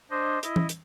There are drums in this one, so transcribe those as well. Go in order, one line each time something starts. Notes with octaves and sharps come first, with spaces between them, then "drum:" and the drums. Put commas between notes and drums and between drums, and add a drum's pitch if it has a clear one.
D4 C5 D#5
E4 D#5, drum: hi-hat
drum: tom E3
drum: hi-hat